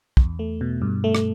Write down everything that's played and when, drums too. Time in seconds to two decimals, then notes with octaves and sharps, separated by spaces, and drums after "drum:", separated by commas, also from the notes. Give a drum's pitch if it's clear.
0.17 E2, drum: kick
0.39 A3
0.61 B2
0.82 G2
1.04 A3
1.15 drum: rim click